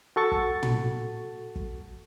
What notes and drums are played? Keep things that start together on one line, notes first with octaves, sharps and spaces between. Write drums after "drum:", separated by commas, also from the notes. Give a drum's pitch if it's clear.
F#4 A4 C#6 A6
drum: kick
drum: tom
drum: kick